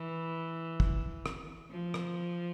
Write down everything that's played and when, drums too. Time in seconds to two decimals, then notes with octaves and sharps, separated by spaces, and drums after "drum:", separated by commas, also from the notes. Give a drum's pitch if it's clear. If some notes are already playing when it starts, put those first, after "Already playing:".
Already playing: E3
0.80 drum: kick
1.26 drum: rim click
1.71 F3
1.94 drum: rim click